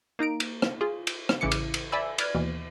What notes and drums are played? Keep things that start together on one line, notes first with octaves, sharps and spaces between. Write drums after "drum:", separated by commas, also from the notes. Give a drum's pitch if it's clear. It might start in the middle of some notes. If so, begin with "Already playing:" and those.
A#3 D#4 A#5 D7
drum: cymbal
drum: rim click
F4 G#4
drum: cymbal
drum: rim click
A1 C#3 E3 E4 D6 C#7
drum: cymbal
drum: cymbal
D5 E5 G#5 B5 E6
B4 D5 F6 G#6, drum: cymbal
D#2 B2 E3